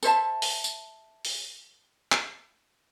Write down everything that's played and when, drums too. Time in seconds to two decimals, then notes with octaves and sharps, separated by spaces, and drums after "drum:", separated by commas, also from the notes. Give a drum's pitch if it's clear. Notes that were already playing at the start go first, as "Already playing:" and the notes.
0.03 A4 C5 E5 A5, drum: tambourine
0.42 drum: open hi-hat
0.64 drum: tambourine
1.25 drum: open hi-hat
2.12 drum: clap